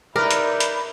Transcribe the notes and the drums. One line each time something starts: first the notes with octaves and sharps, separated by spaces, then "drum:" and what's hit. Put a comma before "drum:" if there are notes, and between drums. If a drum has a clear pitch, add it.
D#4 E4 A#4 B4 D5
drum: hi-hat
drum: hi-hat